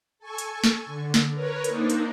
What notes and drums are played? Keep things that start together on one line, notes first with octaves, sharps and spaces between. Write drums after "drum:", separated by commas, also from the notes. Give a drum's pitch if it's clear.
A4 G#5 C#6
drum: hi-hat
drum: snare
D3
drum: snare
A#4 B4 C#5
A#3 C4 D4 D#4, drum: hi-hat
drum: hi-hat